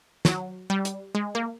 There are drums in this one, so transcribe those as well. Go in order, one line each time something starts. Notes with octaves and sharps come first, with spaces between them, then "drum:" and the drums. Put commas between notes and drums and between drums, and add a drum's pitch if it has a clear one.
F#3, drum: snare
G3
drum: hi-hat
G#3
A#3